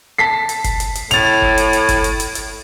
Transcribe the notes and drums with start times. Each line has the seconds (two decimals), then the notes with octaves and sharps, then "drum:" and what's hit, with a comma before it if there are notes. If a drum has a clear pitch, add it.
0.18 A5 B6 C7
0.49 drum: hi-hat
0.64 drum: kick F#1, hi-hat
0.80 drum: hi-hat
0.95 drum: hi-hat
1.11 A2 A6 F7, drum: hi-hat
1.42 drum: kick F#1
1.58 drum: hi-hat
1.73 drum: hi-hat
1.89 drum: kick F#1, hi-hat
2.04 drum: hi-hat
2.20 drum: hi-hat
2.35 drum: hi-hat